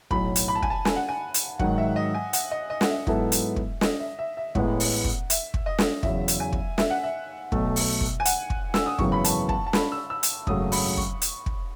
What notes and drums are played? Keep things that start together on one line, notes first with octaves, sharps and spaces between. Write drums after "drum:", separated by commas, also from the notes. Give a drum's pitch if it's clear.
B1 A2 F#3 B5, drum: kick
drum: hi-hat
B5
A5
G#5, drum: kick
A5
G#5, drum: snare
F#5
G#5
drum: hi-hat
G#2 D#3 F#3 F#5, drum: kick
E5
D#5
G#5
F#5, drum: hi-hat
D#5
D#5
F#5, drum: snare
E5
G#2 F#3 B3 E4 A4 E5, drum: kick
drum: hi-hat
drum: kick
D#5, drum: snare
E5
E5
E5
A1 A2 G#3 B3 E4 F#5, drum: kick
drum: open hi-hat
drum: kick
E5, drum: hi-hat
drum: kick
D#5
drum: snare
E2 C#3 F#3 E5, drum: kick
drum: hi-hat
G#5
drum: kick
E5, drum: snare
F#5
E5
B1 B2 A3, drum: kick
drum: open hi-hat
drum: kick
G#5
F#5, drum: hi-hat
drum: kick
E6, drum: snare
D#6
G#1 F#2 C#3 E3 B3 C#6, drum: kick
B5
A5, drum: hi-hat
A5, drum: kick
A5
B5, drum: snare
E6
E6
drum: hi-hat
G#1 F#2 C#3 F#3 A3 D#6, drum: kick
B5, drum: open hi-hat
C#6, drum: kick
drum: hi-hat
drum: kick